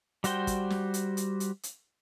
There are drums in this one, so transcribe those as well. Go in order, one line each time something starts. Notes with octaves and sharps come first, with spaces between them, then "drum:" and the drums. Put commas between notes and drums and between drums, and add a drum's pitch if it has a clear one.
G3 F#4 C5 G5, drum: hi-hat
drum: kick, hi-hat
drum: snare
drum: hi-hat
drum: hi-hat
drum: hi-hat
drum: hi-hat